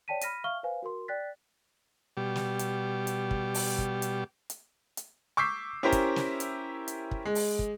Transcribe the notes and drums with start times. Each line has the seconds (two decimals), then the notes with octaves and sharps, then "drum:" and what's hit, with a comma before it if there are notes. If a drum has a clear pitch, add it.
0.08 C#5 D5 G5 A5 B6 D#7
0.21 B5 F6 A#6 B6 D#7, drum: hi-hat
0.44 E5 F5 C#6 F6 G7
0.63 B4 C5 F5 G#5
0.82 F#4 A#4 C6
1.08 D5 G5 F#6 A6 B6
2.17 B2 G3 G4
2.36 drum: snare
2.59 drum: hi-hat
3.07 drum: hi-hat
3.31 drum: kick
3.54 drum: open hi-hat
3.78 drum: kick
4.02 drum: hi-hat
4.50 drum: hi-hat
4.97 drum: hi-hat
5.37 C#6 D6 E6 G6 B6 C7
5.83 C#4 E4 G4 A#4 C5
5.92 drum: kick, hi-hat
6.16 drum: snare
6.40 drum: hi-hat
6.88 drum: hi-hat
7.11 drum: kick
7.25 G#3
7.35 drum: open hi-hat
7.59 drum: kick